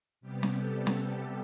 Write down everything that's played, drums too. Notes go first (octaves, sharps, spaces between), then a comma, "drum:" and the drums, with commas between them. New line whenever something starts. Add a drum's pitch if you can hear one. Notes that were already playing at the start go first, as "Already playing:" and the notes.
C3 G3 B3 G4
drum: snare
A4
A4, drum: snare